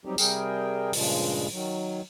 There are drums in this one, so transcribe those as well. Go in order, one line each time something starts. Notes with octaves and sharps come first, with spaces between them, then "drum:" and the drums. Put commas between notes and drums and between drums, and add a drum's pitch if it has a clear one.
F#3 G3 C4 D#4 G4
C3 G3 G#4 A#4 G5, drum: tambourine
G2 A#2 C#3 F3 G#3, drum: open hi-hat
D#3 F#3